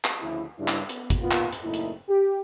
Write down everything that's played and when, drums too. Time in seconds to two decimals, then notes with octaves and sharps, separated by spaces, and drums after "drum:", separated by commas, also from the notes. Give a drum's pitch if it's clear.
0.05 drum: clap
0.21 D2 C#3 F3 E4
0.58 G2 C#3 E4
0.68 drum: clap
0.89 B3, drum: hi-hat
1.10 drum: kick, hi-hat
1.21 A#2 D#3 B3 F4
1.31 drum: clap
1.53 drum: hi-hat
1.63 F#1 A#2 A3 D#4 E4
1.74 drum: hi-hat
2.08 G4